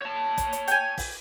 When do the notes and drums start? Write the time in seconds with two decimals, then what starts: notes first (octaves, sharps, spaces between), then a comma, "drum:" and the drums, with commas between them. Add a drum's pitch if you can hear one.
0.02 C#5 A5
0.38 drum: kick, hi-hat
0.53 drum: hi-hat
0.68 G5 G#5, drum: hi-hat
0.98 drum: kick, open hi-hat